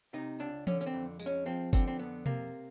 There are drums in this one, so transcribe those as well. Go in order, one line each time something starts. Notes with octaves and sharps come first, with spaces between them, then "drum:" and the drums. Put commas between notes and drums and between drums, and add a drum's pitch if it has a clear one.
C3 D#4
C#2 D4
D3 C#4, drum: tom E3
C#4
C4
F2
G#3, drum: tambourine
C#4
F3 C4
D3 C4, drum: kick F#1, tambourine
C4
F2 B3
C3 A#3, drum: tom B2